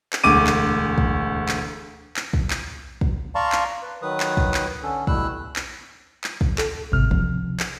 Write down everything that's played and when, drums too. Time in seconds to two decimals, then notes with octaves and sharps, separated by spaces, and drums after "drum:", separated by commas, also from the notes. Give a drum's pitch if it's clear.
0.13 drum: clap
0.24 E1 D2 D6 D#7
0.47 drum: clap
0.98 drum: kick
1.49 drum: clap
2.17 drum: clap
2.33 drum: kick
2.50 drum: clap
3.01 drum: kick
3.35 D5 F5 A5 A#5 C6 C#6
3.52 drum: clap
3.82 B4
4.02 D#3 F#3 B4 D#6
4.20 drum: clap
4.37 drum: kick
4.54 drum: clap
4.83 D3 C#4 A4
5.07 B2 G3 A3 E4 E6 F#6, drum: kick
5.56 drum: clap
6.24 drum: clap
6.41 drum: kick
6.58 A4, drum: clap
6.92 G#1 A2 C3 F6
7.11 F3, drum: kick
7.60 drum: clap